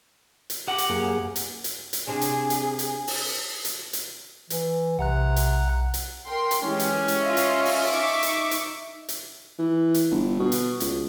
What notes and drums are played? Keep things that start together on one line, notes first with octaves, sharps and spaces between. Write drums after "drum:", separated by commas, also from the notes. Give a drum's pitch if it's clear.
drum: hi-hat
G4 F#5
drum: hi-hat
F#2 A#3 G#4
drum: hi-hat
drum: hi-hat
drum: hi-hat
C3 C4 D4 G#4 G#5
drum: hi-hat
drum: hi-hat
drum: hi-hat
drum: open hi-hat
drum: hi-hat
drum: hi-hat
E3, drum: hi-hat
B1 C3 F#5 A#5 F#6
drum: hi-hat
drum: hi-hat
A#4 G5 C6
drum: hi-hat
E3 G#3 C#4 G4
drum: hi-hat
drum: hi-hat
F4 D#5 E5
drum: hi-hat
drum: open hi-hat
D#4 C#6 D6
drum: hi-hat
drum: hi-hat
drum: hi-hat
E3
drum: hi-hat
G1
B2
drum: hi-hat
C#2, drum: hi-hat